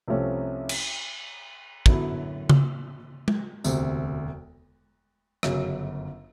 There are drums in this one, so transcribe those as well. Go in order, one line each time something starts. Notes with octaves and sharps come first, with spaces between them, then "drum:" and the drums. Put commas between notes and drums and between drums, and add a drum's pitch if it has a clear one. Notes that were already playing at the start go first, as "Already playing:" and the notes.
C2 C3 F3 A3 C#4
drum: cymbal
F#2 D3 F#3 B3 E4, drum: kick
drum: tom C#3
drum: tom G#3
E1 D2 C3, drum: tambourine
G1 F#2 C#3 F#3, drum: rim click